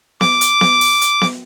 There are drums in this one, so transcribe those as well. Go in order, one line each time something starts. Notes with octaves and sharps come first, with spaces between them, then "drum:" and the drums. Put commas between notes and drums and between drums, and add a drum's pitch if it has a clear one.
D6, drum: snare B3
drum: hi-hat
drum: snare B3
drum: open hi-hat
drum: hi-hat
drum: snare B3